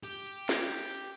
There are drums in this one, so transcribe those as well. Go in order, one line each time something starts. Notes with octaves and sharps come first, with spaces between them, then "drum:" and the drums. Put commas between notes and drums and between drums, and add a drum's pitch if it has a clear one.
G4, drum: hi-hat
drum: hi-hat
drum: snare
drum: hi-hat
drum: hi-hat